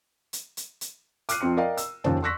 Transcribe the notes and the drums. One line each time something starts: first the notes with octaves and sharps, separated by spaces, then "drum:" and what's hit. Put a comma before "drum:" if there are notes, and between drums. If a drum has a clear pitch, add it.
drum: hi-hat
drum: hi-hat
drum: hi-hat
D6 F6 F#6 C7 D#7, drum: hi-hat
F2 F3 C4 C6 C#7
A#4 D5 D#5 F5 G5 A#5
E6, drum: hi-hat
D#2 C#3 F3 C#4 C5 A5, drum: tom
C6 C#6 E6 F#6 A#6 B6